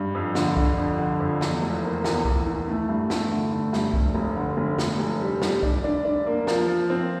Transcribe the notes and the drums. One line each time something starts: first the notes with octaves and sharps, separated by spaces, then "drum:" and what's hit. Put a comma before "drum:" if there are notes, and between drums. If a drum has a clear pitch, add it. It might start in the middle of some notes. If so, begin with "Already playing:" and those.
Already playing: G2
F2
D3, drum: snare
D3, drum: kick C2
F2
D3
F2
E2, drum: snare
F1
A#3
E2, drum: snare
E2, drum: kick C2
E3
A3
G2
A3, drum: snare
D3
A3
G2, drum: snare
F1, drum: kick C2
F1
D3
F1
F1, drum: snare
F1
G3
G3, drum: snare
D4, drum: kick C2
D4
D4
A#3
F3, drum: snare
F3
C4